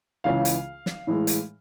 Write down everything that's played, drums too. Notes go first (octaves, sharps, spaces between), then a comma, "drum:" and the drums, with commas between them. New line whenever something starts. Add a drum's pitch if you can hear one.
C#2 C#3 E3 F5
drum: hi-hat
drum: snare
A2 E3 G#3
drum: hi-hat